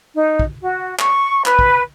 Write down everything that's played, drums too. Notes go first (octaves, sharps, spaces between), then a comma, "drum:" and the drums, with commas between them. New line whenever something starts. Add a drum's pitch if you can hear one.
D#4
drum: kick
F#4
C#6, drum: clap
B4, drum: clap
drum: kick